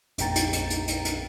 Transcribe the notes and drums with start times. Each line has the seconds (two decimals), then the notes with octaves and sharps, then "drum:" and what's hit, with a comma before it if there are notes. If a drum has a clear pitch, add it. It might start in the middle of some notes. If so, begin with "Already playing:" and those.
0.18 A#1 F2 A#2 G5 A#5 A6, drum: hi-hat
0.35 drum: hi-hat
0.53 drum: hi-hat
0.70 drum: hi-hat
0.88 drum: hi-hat
1.05 drum: hi-hat